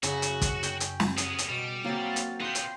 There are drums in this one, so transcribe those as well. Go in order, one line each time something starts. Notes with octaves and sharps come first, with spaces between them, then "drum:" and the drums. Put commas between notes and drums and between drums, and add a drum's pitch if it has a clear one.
F#2 C#3 F#4 E5, drum: hi-hat
drum: hi-hat
drum: kick, hi-hat
C#4 G5, drum: hi-hat
drum: hi-hat
drum: snare
B3 G#4, drum: hi-hat
drum: hi-hat
B2 G3 D7
F#3 A#3 C4 F5 A6
drum: hi-hat
A#2 B3 F5 G5 A#5 C6 C7
drum: hi-hat